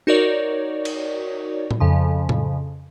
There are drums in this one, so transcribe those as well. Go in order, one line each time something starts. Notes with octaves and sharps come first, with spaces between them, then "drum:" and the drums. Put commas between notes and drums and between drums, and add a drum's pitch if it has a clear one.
D#4 F#4 A#4 C#5 D5
drum: cymbal
drum: tom A2
F2 C#3 F3
drum: tom A2